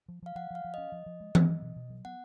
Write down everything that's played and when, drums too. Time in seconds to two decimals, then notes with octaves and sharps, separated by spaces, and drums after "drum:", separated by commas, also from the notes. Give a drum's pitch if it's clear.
0.08 F3
0.22 F3 F5
0.35 F3 F#5
0.50 F3 F5
0.64 F3
0.74 C#4 D#5
0.92 F3
1.06 F3
1.20 G#3
1.35 G#3, drum: tom E3
1.49 F#3
1.62 B2
1.76 B2
1.90 F#3
2.05 B3 F#5